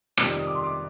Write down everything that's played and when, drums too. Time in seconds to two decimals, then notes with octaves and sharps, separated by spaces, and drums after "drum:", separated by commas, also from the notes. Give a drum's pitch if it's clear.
0.17 F2 C3 D#3 G3 F6, drum: rim click
0.38 D#6
0.47 D6
0.55 C6
0.64 D6